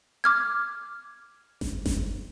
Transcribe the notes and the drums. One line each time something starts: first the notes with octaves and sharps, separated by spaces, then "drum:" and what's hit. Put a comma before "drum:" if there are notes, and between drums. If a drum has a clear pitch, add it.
D6 F6 G#6
drum: snare G1
drum: snare G1